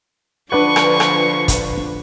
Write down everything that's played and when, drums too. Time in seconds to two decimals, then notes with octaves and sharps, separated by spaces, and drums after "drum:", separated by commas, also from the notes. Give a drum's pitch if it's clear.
0.52 D3 F3 D4 B4 D5 F#5 C#6
0.76 drum: rim click
1.00 drum: rim click
1.48 drum: kick, hi-hat